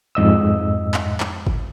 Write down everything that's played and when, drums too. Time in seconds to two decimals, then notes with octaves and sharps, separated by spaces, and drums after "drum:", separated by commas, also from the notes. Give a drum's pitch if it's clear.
0.15 F2 G#2 D#5 E6
0.94 drum: clap
1.20 drum: clap
1.47 drum: kick